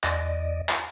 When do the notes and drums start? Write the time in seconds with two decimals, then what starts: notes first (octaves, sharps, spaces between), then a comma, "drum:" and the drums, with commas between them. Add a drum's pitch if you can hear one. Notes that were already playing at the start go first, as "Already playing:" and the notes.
0.04 E2 D5 D#5, drum: clap
0.69 drum: clap